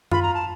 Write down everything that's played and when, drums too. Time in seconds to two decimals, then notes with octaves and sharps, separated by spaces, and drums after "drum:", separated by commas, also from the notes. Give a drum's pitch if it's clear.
0.11 F4 B5, drum: tom
0.22 A#5
0.34 A5